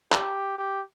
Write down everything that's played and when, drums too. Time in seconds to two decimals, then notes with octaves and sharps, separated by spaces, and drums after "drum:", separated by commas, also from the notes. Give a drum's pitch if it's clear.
0.12 G4, drum: clap
0.58 G4